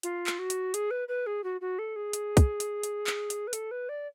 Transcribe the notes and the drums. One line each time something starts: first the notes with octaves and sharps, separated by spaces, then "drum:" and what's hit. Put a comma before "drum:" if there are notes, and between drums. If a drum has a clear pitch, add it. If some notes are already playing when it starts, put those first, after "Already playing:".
F4, drum: hi-hat
drum: clap
F#4
drum: hi-hat
G#4, drum: hi-hat
B4
B4
G#4
F#4
F#4
A4
G#4
drum: hi-hat
drum: kick, hi-hat
drum: hi-hat
drum: hi-hat
drum: clap
drum: hi-hat
B4
A4, drum: hi-hat
B4
D5